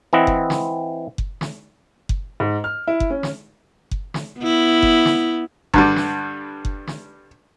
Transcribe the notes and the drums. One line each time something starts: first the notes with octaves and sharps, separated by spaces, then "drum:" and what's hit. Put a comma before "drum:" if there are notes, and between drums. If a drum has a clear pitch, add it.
E3 C4 E4 D#5 F#5
drum: kick F#1
drum: snare
drum: kick F#1
drum: snare
drum: kick F#1
G#2
F6
E4
drum: kick F#1
C#4
drum: snare
drum: kick F#1
drum: snare
B3 E4
drum: kick F#1
drum: snare
G2 D3 G3, drum: kick F#1
drum: snare
drum: kick F#1
drum: snare